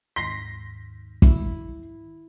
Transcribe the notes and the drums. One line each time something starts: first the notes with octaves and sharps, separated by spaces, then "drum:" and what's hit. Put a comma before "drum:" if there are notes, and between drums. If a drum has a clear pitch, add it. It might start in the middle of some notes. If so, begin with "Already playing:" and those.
D#2 G#2 D#3 C6 A#6 B6
D2 E4, drum: kick